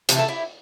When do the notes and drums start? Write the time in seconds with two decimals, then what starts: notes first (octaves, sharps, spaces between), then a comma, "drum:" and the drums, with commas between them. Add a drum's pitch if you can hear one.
0.09 C3 E3 A3 G4, drum: hi-hat
0.19 A4
0.29 E4 G4